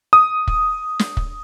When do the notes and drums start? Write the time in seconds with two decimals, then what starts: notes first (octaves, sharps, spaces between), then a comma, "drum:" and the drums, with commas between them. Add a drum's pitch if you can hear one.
0.13 D#6
0.47 drum: kick
0.99 drum: snare
1.17 drum: kick